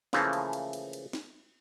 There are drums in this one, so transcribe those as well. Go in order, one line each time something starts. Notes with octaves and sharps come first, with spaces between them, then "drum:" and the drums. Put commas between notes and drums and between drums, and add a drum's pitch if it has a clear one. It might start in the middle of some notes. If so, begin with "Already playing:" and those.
C#3 E3 F3 A3 A#3, drum: snare
drum: cymbal
drum: cymbal
drum: cymbal
drum: cymbal
drum: snare